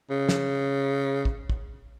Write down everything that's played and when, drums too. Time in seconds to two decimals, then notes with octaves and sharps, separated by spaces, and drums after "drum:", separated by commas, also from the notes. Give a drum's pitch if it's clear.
0.10 C#3
0.29 drum: snare
1.25 drum: kick
1.50 drum: kick